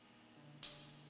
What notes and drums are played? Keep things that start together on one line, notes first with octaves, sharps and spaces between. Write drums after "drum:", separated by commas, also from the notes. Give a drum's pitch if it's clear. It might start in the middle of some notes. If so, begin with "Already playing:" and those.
Already playing: A#2 G3 B3 D#4 G#4
D3
A#2 D3 G3 B3 D#4 G#4, drum: hi-hat